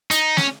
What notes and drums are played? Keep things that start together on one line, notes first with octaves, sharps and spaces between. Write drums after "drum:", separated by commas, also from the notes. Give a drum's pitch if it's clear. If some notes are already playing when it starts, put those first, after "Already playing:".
D#4, drum: hi-hat
C#4, drum: snare